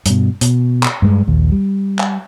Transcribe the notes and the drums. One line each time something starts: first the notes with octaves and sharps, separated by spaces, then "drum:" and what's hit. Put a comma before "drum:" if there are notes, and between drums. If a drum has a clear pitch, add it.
G2 B2, drum: hi-hat
B2, drum: hi-hat
drum: clap
G2 G#3
A#1 D#2
G3
drum: clap